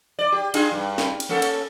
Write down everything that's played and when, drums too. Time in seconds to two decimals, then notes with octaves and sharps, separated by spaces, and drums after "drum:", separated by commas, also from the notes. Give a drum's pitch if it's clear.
0.19 D5
0.32 G4
0.54 D4 F4 G#4, drum: cymbal
0.72 G2
0.98 drum: snare
1.20 drum: cymbal
1.29 A#3 C#4 A4
1.42 drum: cymbal